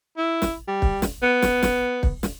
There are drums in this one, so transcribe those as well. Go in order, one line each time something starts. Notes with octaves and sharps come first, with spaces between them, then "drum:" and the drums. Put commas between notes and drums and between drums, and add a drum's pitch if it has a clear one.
E4
drum: snare
G3
drum: kick
drum: snare
B3
drum: snare
drum: snare
drum: kick
drum: snare